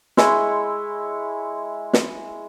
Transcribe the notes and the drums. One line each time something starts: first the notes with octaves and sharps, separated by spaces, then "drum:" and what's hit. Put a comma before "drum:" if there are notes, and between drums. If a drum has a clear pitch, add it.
G#3 E4 C#5 C6, drum: snare
drum: snare